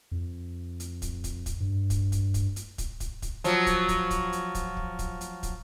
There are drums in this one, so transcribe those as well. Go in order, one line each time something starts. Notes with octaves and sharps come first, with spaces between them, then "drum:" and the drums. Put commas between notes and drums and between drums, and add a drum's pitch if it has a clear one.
F2
drum: hi-hat
drum: kick, hi-hat
drum: kick, hi-hat
drum: kick, hi-hat
G2
drum: kick, hi-hat
drum: kick, hi-hat
drum: kick, hi-hat
drum: hi-hat
drum: kick, hi-hat
drum: kick, hi-hat
drum: kick, hi-hat
F3 F#3, drum: hi-hat
drum: kick, hi-hat
drum: kick, hi-hat
drum: kick, hi-hat
drum: hi-hat
drum: kick, hi-hat
drum: kick
drum: kick, hi-hat
drum: hi-hat
drum: kick, hi-hat